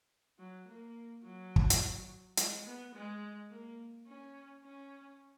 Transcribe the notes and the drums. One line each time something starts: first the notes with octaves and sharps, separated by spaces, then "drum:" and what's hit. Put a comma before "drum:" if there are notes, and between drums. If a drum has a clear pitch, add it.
F#3
A#3
F#3
drum: kick
drum: hi-hat
G#3, drum: hi-hat
B3
G#3
A#3
C#4
C#4